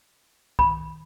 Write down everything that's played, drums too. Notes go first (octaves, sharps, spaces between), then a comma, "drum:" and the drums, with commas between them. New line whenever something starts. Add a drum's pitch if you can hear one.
B5, drum: kick